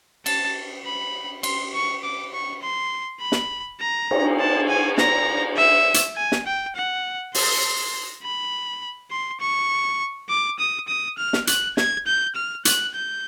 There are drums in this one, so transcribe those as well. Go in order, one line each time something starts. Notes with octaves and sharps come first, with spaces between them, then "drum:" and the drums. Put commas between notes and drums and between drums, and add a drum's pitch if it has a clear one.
A5, drum: cymbal
B5
C6, drum: cymbal
C#6
D6
C#6
C6
B5
drum: snare
A#5
drum: cymbal
A5
G#5
A#5, drum: snare
E5
drum: hi-hat
G#5
drum: snare
G5
F#5
C6, drum: open hi-hat
B5
C6
C#6
D6
D#6
D#6
F6
drum: snare
F#6, drum: hi-hat
G#6, drum: snare
G6
F6
F#6, drum: hi-hat
G6